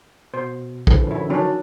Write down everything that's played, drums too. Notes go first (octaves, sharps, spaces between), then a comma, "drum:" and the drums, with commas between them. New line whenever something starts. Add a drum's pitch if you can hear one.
B2 C5
D3 E3 F3, drum: kick
F#2 C#4 E4
D#3 F#3 C#4 D4